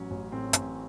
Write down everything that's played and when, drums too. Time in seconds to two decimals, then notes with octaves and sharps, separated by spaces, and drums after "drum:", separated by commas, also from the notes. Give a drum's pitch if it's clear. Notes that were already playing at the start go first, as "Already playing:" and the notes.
Already playing: A1 F#3 C#4
0.11 A1
0.32 A2 C4
0.53 A1, drum: hi-hat